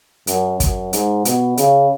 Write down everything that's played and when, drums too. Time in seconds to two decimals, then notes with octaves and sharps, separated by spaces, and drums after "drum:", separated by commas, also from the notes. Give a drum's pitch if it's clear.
0.27 F#2, drum: hi-hat
0.60 F#2, drum: kick, hi-hat
0.93 G#2, drum: hi-hat
1.25 B2, drum: hi-hat
1.57 C#3, drum: hi-hat